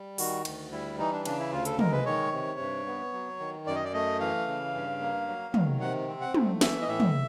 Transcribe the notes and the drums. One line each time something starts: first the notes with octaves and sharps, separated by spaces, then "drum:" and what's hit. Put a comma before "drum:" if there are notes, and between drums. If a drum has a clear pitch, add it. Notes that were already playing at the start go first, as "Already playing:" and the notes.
Already playing: G3
D#3 F#4, drum: open hi-hat
D2, drum: cymbal
G3 E4
E3 D#4
D4
C#3 D4, drum: cymbal
E4
D2 F4
A4, drum: hi-hat
G#3 A#4, drum: tom
B4
D#3 C#5
C3
G2
B3
F#3
D#3
F#2 D5
D#5
D5
A3 D#5
E3 F5
C#3
G2
A#3
F#3
D#3, drum: tom
C3 F#5
C4
F#5
A3, drum: tom
E3 E5, drum: snare
D#5
A2 E5
drum: tom